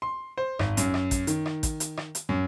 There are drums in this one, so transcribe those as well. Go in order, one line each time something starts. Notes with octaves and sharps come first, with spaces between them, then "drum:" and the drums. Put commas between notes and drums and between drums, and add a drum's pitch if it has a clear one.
C6
C5
G#1, drum: rim click
F#2, drum: hi-hat
drum: rim click
drum: kick A1, hi-hat
D#3, drum: hi-hat
drum: rim click
drum: kick A1, hi-hat
drum: hi-hat
drum: rim click
drum: hi-hat
F#2